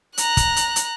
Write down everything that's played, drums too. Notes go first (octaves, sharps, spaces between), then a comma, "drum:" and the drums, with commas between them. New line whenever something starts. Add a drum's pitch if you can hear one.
A#5 F#6, drum: hi-hat
drum: kick, hi-hat
drum: hi-hat
drum: hi-hat